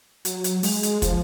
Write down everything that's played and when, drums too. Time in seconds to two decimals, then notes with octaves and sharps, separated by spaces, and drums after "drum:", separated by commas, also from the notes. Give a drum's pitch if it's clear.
0.25 F#3, drum: hi-hat
0.44 drum: hi-hat
0.63 G#3, drum: open hi-hat
0.83 drum: hi-hat
1.02 F3, drum: kick, hi-hat